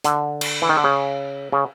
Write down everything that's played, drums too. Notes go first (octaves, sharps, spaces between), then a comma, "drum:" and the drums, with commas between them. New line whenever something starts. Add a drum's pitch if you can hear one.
D3, drum: hi-hat
drum: cymbal
E3
D#3
D3
C#3
C#3